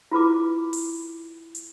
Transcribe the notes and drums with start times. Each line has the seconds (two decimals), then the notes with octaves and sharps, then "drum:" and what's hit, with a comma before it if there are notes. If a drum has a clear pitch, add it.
0.11 E4 F4 B4 D6
0.73 drum: open hi-hat
1.55 drum: hi-hat